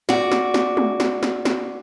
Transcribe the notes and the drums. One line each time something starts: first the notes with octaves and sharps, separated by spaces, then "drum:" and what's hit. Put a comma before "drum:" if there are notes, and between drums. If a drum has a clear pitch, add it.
F#4 D5, drum: snare
drum: snare
drum: snare
drum: tom G#3
drum: snare
drum: snare
drum: snare